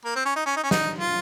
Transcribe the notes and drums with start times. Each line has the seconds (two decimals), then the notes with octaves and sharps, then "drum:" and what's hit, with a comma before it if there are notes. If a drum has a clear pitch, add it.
0.05 A#3
0.16 C4
0.26 C#4
0.36 D#4
0.46 C#4
0.56 D#4
0.63 C#4
0.71 D#4, drum: snare
0.99 F4